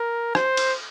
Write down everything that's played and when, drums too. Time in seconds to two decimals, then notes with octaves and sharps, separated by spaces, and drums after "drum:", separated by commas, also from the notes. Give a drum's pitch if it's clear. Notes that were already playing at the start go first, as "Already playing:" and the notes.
Already playing: A#4
0.35 C5, drum: rim click
0.57 drum: cymbal